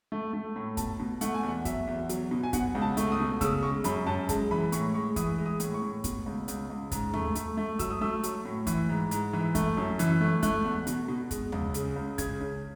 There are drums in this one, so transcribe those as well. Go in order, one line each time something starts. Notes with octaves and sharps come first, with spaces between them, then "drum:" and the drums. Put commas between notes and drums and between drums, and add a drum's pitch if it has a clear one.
A3
A3
A2
B2 A5, drum: kick, hi-hat
B2
A3 F#5, drum: hi-hat
G#5
E2 F#5
F#3 E5, drum: kick, hi-hat
E2
F#3, drum: hi-hat
B2
G#5
B2 F#5, drum: kick, hi-hat
C#2
A5
A3, drum: hi-hat
D#6
B2
C#3 E6, drum: kick, hi-hat
G#3 C#6
F#2 B5, drum: hi-hat
F#2 A5
G#3 A5, drum: kick, hi-hat
E3 B5
A2 C#6, drum: hi-hat
G#3 C#6
E3 D#6, drum: kick, hi-hat
G#3
D#6
A2, drum: hi-hat
C#6
A2
B2, drum: kick, hi-hat
C#2
C#2, drum: hi-hat
C#2
G#2, drum: kick, hi-hat
A3, drum: tom D#2
A3, drum: hi-hat
A3
F#3 E6, drum: kick, hi-hat
D#6
A3 E6
F#3, drum: hi-hat
A2
E3, drum: kick, hi-hat
G#2
G#2, drum: hi-hat
E3
A3, drum: kick, hi-hat
F#2
E3, drum: hi-hat
A3
A3 F#6, drum: kick, hi-hat
E2
B2, drum: hi-hat
B2
G#3, drum: kick, hi-hat
C#2, drum: tom D#2
C#3, drum: hi-hat
C#2
C#3 G#6, drum: kick, hi-hat
C#3